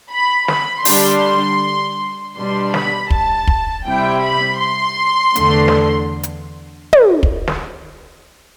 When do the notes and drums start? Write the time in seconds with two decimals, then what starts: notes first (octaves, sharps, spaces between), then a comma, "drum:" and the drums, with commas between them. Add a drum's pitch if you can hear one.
0.10 B5
0.48 B5, drum: snare
0.85 D3 G3 D4 C6, drum: open hi-hat
2.36 B2 G3 D4 C6
2.74 B5, drum: snare
3.11 A5, drum: kick
3.47 drum: kick
3.86 C3 G3 C4 E4 G5
4.24 B5
4.61 C6
5.36 E2 D3 A3 D4, drum: hi-hat
5.68 drum: snare
6.23 drum: hi-hat
6.93 drum: tom
7.23 drum: kick
7.48 drum: snare